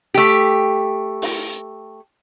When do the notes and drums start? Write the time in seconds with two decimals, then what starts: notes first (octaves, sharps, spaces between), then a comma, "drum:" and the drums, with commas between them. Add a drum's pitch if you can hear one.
0.14 A3 G4
1.22 drum: open hi-hat